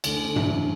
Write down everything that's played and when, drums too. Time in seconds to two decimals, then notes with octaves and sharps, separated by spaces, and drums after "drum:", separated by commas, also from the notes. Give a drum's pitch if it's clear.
0.04 D2 D3, drum: cymbal
0.25 D3
0.36 C#3 E3 F#3 C#4, drum: tom